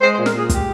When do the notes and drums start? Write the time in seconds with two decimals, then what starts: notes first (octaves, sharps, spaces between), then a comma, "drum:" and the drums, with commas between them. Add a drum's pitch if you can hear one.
0.01 G#3 C5
0.13 C5
0.18 A#2
0.26 A#4, drum: snare
0.34 A#2 G#4
0.49 G#3 G4, drum: kick, hi-hat